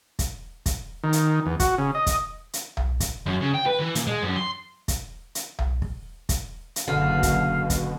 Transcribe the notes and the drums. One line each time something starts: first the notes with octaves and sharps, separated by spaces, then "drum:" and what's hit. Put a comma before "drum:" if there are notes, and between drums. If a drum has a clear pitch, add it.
drum: kick, hi-hat
drum: kick, hi-hat
D#3
drum: hi-hat
E2
F#4, drum: kick, hi-hat
C#3
D#5
drum: kick, hi-hat
drum: hi-hat
drum: tom B1
drum: kick, hi-hat
F#2
C#3
G5
B4
E3
A#2, drum: hi-hat
G#3
F#2
C6
drum: kick, hi-hat
drum: hi-hat
drum: tom B1
drum: kick
drum: kick, hi-hat
drum: hi-hat
F#1 B2 D3 F5
drum: kick, hi-hat
drum: kick, hi-hat